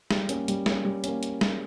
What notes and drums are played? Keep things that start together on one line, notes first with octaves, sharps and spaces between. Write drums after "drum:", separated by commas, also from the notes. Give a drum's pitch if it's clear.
G3, drum: snare
A#3 C#4, drum: hi-hat
G3, drum: hi-hat
A#3 C#4, drum: snare
G3
A#3 C#4, drum: hi-hat
drum: hi-hat
drum: snare